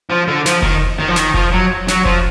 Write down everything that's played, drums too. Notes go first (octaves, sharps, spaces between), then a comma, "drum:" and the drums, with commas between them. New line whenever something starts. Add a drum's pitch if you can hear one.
F3
D3
F3, drum: snare
D#3, drum: kick F1
D#3
F3
D#3, drum: snare
F3, drum: kick F1
F#3
F#3, drum: snare
F3, drum: kick F1